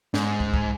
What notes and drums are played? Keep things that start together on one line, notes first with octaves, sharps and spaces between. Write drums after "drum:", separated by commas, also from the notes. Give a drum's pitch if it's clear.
G#2, drum: snare
drum: kick
drum: kick